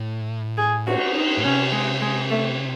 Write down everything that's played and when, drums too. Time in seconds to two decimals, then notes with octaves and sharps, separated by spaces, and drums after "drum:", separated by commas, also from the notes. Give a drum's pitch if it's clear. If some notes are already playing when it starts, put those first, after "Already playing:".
Already playing: A2
0.58 G#4
0.87 F#4, drum: cymbal
1.15 D#4
1.38 A2
1.44 C3 C#4
1.72 G#3
2.01 G#3
2.30 A3